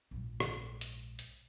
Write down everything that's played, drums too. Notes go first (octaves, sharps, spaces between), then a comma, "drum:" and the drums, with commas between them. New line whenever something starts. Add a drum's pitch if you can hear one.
A#1 G#2
drum: rim click
drum: hi-hat
drum: hi-hat